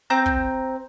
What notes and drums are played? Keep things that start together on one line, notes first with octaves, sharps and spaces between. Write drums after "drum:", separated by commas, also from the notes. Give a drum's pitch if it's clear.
C4 A#5 G6
drum: kick